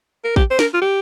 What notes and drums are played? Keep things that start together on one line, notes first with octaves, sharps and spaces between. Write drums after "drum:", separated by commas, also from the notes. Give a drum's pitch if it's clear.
A#4
G4, drum: kick A1
C5
A#4, drum: snare
F4
G4